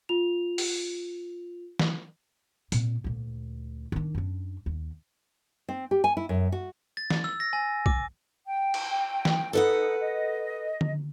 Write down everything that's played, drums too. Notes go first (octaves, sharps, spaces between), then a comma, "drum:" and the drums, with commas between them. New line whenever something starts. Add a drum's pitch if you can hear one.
F4 F7
drum: open hi-hat
drum: snare E3
A#2 C4, drum: hi-hat
D2 A#2
D#3 D4
F#2 D4
D#2
C4
G4
G#5
E4
F#2
F#4
A6
A6, drum: snare E3
E6
A#6
G#5
D6, drum: kick
G5
drum: cymbal
drum: snare E3
D#4 A4 B4 F#5
D#5
drum: tom D3